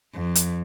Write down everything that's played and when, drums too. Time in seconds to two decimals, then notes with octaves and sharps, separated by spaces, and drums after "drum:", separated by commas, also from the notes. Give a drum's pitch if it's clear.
0.14 F2
0.35 drum: hi-hat